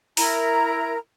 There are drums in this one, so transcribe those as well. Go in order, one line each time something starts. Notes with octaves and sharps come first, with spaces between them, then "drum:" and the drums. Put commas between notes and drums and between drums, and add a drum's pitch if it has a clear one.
E4 A#4 A#5, drum: open hi-hat